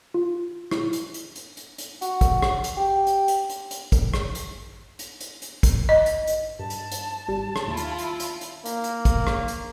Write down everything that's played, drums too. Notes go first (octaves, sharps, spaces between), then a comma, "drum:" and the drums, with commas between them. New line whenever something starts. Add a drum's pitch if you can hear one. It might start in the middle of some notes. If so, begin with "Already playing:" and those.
F4
E4, drum: rim click
drum: hi-hat
drum: hi-hat
drum: hi-hat
drum: hi-hat
drum: hi-hat
F#4, drum: hi-hat
drum: kick, hi-hat
drum: rim click
drum: hi-hat
G4
drum: hi-hat
drum: hi-hat
drum: hi-hat
drum: hi-hat
drum: kick, hi-hat
drum: rim click
drum: hi-hat
drum: hi-hat
drum: hi-hat
drum: hi-hat
drum: kick, hi-hat
D#5
drum: hi-hat
drum: hi-hat
G2 A5
drum: hi-hat
drum: hi-hat
G#1 G3
drum: rim click
D#2 E4 F4
drum: hi-hat
drum: hi-hat
drum: hi-hat
drum: hi-hat
A#3, drum: hi-hat
drum: hi-hat
drum: kick, hi-hat
drum: rim click
drum: hi-hat